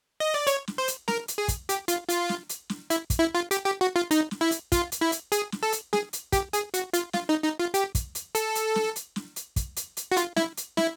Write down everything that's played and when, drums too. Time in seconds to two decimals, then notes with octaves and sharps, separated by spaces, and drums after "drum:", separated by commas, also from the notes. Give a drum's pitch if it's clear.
0.20 D#5
0.34 D5
0.47 C#5, drum: hi-hat
0.68 drum: snare
0.78 C5
0.88 drum: hi-hat
1.08 A#4, drum: snare
1.28 drum: hi-hat
1.38 G#4
1.48 drum: kick, hi-hat
1.69 G4, drum: hi-hat
1.88 F4, drum: hi-hat
2.10 F4, drum: hi-hat
2.29 drum: snare
2.49 drum: hi-hat
2.70 drum: snare
2.90 E4, drum: hi-hat
3.10 drum: kick, hi-hat
3.20 E4
3.35 F4
3.51 G4, drum: hi-hat
3.65 G4
3.81 F#4
3.96 F4
4.11 D#4, drum: hi-hat
4.31 drum: snare
4.41 E4
4.51 drum: hi-hat
4.72 F4, drum: kick, hi-hat
4.92 drum: hi-hat
5.01 E4
5.12 drum: hi-hat
5.32 G#4, drum: hi-hat
5.52 drum: snare
5.63 A4
5.72 drum: hi-hat
5.93 G#4, drum: snare
6.13 drum: hi-hat
6.32 G4, drum: kick, hi-hat
6.53 G#4, drum: hi-hat
6.74 F#4, drum: hi-hat
6.93 F4, drum: hi-hat
7.13 F4, drum: snare
7.29 D#4
7.44 D#4
7.59 F4
7.74 G4, drum: hi-hat
7.95 drum: kick, hi-hat
8.15 drum: hi-hat
8.35 A4, drum: hi-hat
8.55 drum: hi-hat
8.75 drum: snare
8.96 drum: hi-hat
9.16 drum: snare
9.36 drum: hi-hat
9.56 drum: kick, hi-hat
9.76 drum: hi-hat
9.97 drum: hi-hat
10.12 F#4
10.17 F4, drum: hi-hat
10.36 E4, drum: snare
10.57 drum: hi-hat
10.77 E4, drum: snare